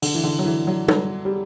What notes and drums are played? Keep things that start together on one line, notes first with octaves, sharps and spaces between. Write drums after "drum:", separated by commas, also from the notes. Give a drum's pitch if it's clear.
D3, drum: open hi-hat
E3
D3
F#3
E3
F#3
F#3, drum: tom
G3